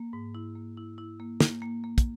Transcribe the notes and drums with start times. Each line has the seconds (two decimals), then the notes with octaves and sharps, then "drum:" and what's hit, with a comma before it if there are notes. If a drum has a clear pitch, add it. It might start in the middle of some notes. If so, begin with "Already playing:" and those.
Already playing: A#3
0.13 G#2
0.35 E4
0.55 A#3
0.77 E4
0.98 E4
1.20 A#3
1.40 A#3, drum: snare
1.62 A#3
1.84 A#3
1.98 drum: kick, hi-hat